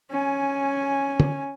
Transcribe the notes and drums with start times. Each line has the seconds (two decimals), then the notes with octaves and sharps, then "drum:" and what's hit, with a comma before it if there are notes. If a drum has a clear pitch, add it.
0.10 C#4 G#5
1.20 drum: tom